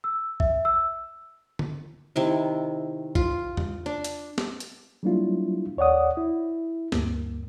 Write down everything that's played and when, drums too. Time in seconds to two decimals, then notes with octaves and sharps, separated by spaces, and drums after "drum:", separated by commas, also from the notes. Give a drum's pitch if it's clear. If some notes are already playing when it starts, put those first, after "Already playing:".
0.04 E6
0.40 E5, drum: kick A#1
0.65 E6
1.59 drum: tom D3
2.16 C3 D#3 E4
3.15 F4, drum: kick A#1
3.57 drum: tom E2
3.86 D4
4.04 drum: hi-hat
4.38 drum: snare
4.60 drum: hi-hat
5.03 F#3 G3 A#3 D4 E4 F4
5.77 D#2 C#5 D5 F#5 D#6
6.17 E4
6.92 D2 G2 A#3, drum: snare